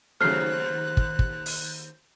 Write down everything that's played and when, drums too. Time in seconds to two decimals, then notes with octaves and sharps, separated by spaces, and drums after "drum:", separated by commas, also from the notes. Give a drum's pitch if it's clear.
0.21 D#2 C#3 F#3 A3 C5 F6 F#6 C7
0.97 drum: kick
1.19 drum: kick
1.46 drum: open hi-hat